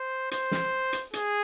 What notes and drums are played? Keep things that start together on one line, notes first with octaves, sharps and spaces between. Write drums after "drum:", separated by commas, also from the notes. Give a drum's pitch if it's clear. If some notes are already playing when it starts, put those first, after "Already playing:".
Already playing: C5
C5, drum: hi-hat
drum: snare
drum: hi-hat
G#4, drum: hi-hat